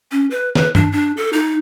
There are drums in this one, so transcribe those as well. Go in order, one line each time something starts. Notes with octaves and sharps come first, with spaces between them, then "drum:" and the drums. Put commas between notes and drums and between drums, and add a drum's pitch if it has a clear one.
C#4
B4
B4, drum: snare
D4, drum: tom
D4
A4
D#4